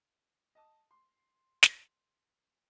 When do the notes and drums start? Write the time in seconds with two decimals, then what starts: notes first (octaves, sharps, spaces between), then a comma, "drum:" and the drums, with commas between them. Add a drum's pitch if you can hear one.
0.55 D#5 A5 D#6
0.91 C6
1.63 drum: snare